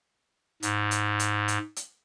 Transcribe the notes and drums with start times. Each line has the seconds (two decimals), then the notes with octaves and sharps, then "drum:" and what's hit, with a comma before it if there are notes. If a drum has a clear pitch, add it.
0.63 G#2, drum: hi-hat
0.91 drum: hi-hat
1.19 drum: hi-hat
1.48 drum: hi-hat
1.76 drum: hi-hat